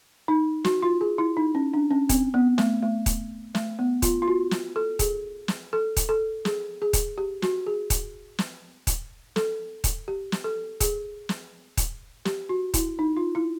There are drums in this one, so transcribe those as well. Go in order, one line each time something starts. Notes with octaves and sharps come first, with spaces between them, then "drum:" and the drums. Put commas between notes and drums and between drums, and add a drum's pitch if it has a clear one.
D#4
F#4, drum: snare
F4
G#4
E4
D#4
C#4
D4
C#4
C4, drum: kick D#1, hi-hat
B3
A3, drum: snare
A3
drum: kick D#1, hi-hat
A3, drum: snare
B3
F4, drum: kick D#1, hi-hat
F4
F#4
drum: snare
A4
G#4, drum: kick D#1, hi-hat
drum: snare
A4
drum: kick D#1, hi-hat
A4
G#4, drum: snare
G#4
drum: kick D#1, hi-hat
G4
F#4, drum: snare
G#4
drum: kick D#1, hi-hat
drum: snare
drum: kick D#1, hi-hat
A4, drum: snare
drum: kick D#1, hi-hat
G4
drum: snare
A4
G#4, drum: kick D#1, hi-hat
drum: snare
drum: kick D#1, hi-hat
G4, drum: snare
F#4
E4, drum: kick D#1, hi-hat
D#4
F4
E4